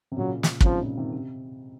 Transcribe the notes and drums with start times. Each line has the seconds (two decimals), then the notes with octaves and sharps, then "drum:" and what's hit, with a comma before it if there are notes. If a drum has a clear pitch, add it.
0.12 C3
0.18 A#2 C#3 F#3
0.43 drum: snare
0.61 C#3, drum: kick
0.65 G#2 C3 F3
0.81 A#2 C#3
0.97 C3 D#3
1.13 C3